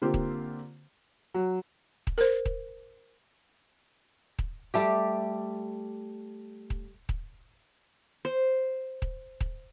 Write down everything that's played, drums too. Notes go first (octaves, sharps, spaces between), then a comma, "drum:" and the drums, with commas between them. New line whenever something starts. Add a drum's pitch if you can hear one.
D3 A#3 C4 F4 G4 C5
drum: kick D#1
F#3
drum: kick D#1
A#4 C5
drum: kick D#1
drum: kick D#1
G3 A3 G4
drum: kick D#1
drum: kick D#1
C5
drum: kick D#1
drum: kick D#1